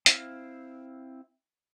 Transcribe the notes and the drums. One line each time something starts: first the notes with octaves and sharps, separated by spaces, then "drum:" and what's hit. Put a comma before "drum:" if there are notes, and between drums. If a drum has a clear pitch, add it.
C4 E4 F5, drum: hi-hat